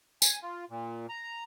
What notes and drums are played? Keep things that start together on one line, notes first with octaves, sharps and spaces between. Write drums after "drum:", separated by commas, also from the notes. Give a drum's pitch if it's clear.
G#5, drum: tambourine
F4
A#2
A#5